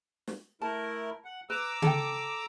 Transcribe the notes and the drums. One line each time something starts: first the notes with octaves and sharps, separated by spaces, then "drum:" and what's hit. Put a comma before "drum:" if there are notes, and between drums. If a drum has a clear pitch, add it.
drum: snare
A3 E4 A#4 A5
F#5
B4 A#5 D6 E6
A4 G5, drum: tom C#3